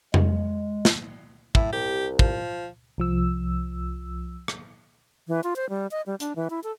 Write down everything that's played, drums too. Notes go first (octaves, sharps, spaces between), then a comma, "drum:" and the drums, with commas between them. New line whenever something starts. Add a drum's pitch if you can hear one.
G#3, drum: tom F2
drum: snare
A2 E4, drum: kick
C2 G4
F3, drum: kick
C2 F3 E6
drum: rim click
E3
F4
C5
G3
D#5
G3
D4, drum: hi-hat
E3
E4
A4